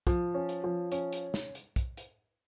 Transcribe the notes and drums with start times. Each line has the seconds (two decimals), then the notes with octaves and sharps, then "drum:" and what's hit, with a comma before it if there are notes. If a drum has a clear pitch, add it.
0.07 F3, drum: kick, hi-hat
0.34 C#4
0.49 drum: hi-hat
0.64 F3
0.92 C#4, drum: hi-hat
1.13 drum: hi-hat
1.34 drum: snare
1.55 drum: hi-hat
1.76 drum: kick, hi-hat
1.97 drum: hi-hat